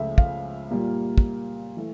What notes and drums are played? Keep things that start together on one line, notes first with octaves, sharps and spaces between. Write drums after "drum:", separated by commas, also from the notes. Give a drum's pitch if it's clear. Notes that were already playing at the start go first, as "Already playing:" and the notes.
Already playing: C#2 C#3 F3 A3 E5
F5, drum: kick
A#2 G3 A#3
drum: kick
E3 A3